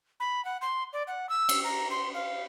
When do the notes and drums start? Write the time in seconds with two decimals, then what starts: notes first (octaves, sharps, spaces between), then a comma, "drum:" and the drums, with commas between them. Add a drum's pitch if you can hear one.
0.20 B5
0.45 F#5
0.62 C6
0.93 D5
1.08 F#5
1.29 E6
1.49 drum: cymbal
1.64 A#5
1.91 C6
2.14 F5